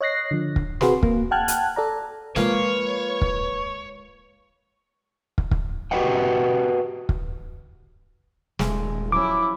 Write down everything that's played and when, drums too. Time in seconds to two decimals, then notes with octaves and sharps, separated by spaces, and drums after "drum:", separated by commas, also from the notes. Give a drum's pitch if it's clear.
0.01 C#5 D#5 F#6 A#6 C7
0.31 D3 F3
0.56 drum: kick
0.81 C4 F#4 G#4 B4 C6, drum: snare
1.03 A#3, drum: kick
1.31 F#5 G5 A5 F6 F#6 G#6
1.48 drum: hi-hat
1.76 A4 D5 A#5
2.36 F3 G#3 A#3 B4 C#5 F5, drum: snare
3.21 drum: kick
5.38 drum: kick
5.51 drum: kick
5.91 F#4 G4 B4 D#5 F#5 G5
7.09 drum: kick
8.59 D#1 G#3 A3, drum: snare
9.12 F3 F#3 C#4 E4 D6